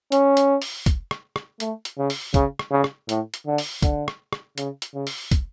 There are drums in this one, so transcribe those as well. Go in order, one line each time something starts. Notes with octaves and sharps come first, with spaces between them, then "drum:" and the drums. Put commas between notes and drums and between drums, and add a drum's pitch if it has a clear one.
C#4, drum: hi-hat
drum: hi-hat
drum: open hi-hat
drum: kick, hi-hat
drum: rim click
drum: rim click
A3, drum: hi-hat
drum: hi-hat
C#3
drum: open hi-hat
C#3, drum: kick, hi-hat
drum: rim click
C#3
drum: rim click
A2, drum: hi-hat
drum: hi-hat
D3
drum: open hi-hat
D3, drum: kick, hi-hat
drum: rim click
drum: rim click
C#3, drum: hi-hat
drum: hi-hat
C#3
drum: open hi-hat
drum: kick, hi-hat